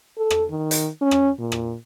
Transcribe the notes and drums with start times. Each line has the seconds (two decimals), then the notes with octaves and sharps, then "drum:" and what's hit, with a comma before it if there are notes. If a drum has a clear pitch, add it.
0.18 A4
0.30 drum: rim click
0.51 D#3
0.71 drum: hi-hat
1.01 C#4
1.11 drum: rim click
1.39 A#2
1.52 drum: rim click